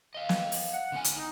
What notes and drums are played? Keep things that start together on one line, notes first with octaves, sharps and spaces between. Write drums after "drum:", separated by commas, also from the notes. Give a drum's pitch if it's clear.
D#5 F5
drum: snare
drum: open hi-hat
F#5
D3 B3 G#5
drum: hi-hat
D#4